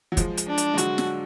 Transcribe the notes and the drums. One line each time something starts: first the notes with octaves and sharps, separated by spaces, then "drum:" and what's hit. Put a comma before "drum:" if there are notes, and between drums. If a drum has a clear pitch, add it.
F#3
F3 G#3, drum: kick, hi-hat
drum: hi-hat
D4
drum: hi-hat
G#3
D3 F#3 F#4, drum: hi-hat
drum: snare